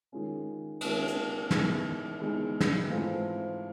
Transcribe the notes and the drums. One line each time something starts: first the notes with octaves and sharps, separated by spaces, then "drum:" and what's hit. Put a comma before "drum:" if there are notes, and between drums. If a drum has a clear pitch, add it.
D#3 G#3 C#4 F4
D#3 G#3 C#4 F4, drum: cymbal
drum: hi-hat
E3 G#3 B3 D#4, drum: snare
E3 G#3 B3 D#4
drum: snare
G#2 E3 A3 C4 F4